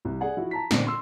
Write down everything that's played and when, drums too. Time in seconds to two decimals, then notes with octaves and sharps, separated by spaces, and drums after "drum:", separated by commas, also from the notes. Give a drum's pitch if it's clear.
0.05 C2
0.21 G#4 D5 F#5 G#5
0.37 F3 E4 F#4
0.51 A5 A#5 B6
0.71 A#2 D3 C4 D4, drum: snare
0.87 C6 E6